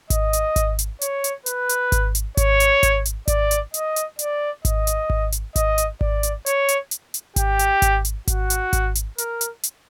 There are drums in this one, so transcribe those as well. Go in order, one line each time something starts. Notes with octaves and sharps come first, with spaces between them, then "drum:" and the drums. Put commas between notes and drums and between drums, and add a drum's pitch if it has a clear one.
D#5, drum: kick G#1, hi-hat
drum: hi-hat
drum: kick G#1, hi-hat
drum: hi-hat
C#5, drum: hi-hat
drum: hi-hat
B4, drum: hi-hat
drum: hi-hat
drum: kick G#1, hi-hat
drum: hi-hat
C#5, drum: kick G#1, hi-hat
drum: hi-hat
drum: kick G#1, hi-hat
drum: hi-hat
D5, drum: kick G#1, hi-hat
drum: hi-hat
D#5, drum: hi-hat
drum: hi-hat
D5, drum: hi-hat
D#5, drum: kick G#1, hi-hat
drum: hi-hat
drum: kick G#1
drum: hi-hat
D#5, drum: kick G#1, hi-hat
drum: hi-hat
D5, drum: kick G#1
drum: hi-hat
C#5, drum: hi-hat
drum: hi-hat
drum: hi-hat
drum: hi-hat
G4, drum: kick G#1, hi-hat
drum: hi-hat
drum: kick G#1, hi-hat
drum: hi-hat
F#4, drum: kick G#1, hi-hat
drum: hi-hat
drum: kick G#1, hi-hat
drum: hi-hat
A#4, drum: hi-hat
drum: hi-hat
drum: hi-hat